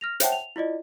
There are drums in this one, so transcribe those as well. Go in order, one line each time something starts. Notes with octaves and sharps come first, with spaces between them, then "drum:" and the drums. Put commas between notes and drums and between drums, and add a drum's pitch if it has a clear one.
F6 A#6 F7
C5 C#5 E5 F#5 G5 A5, drum: hi-hat
F7
E4 F4 D5 D#5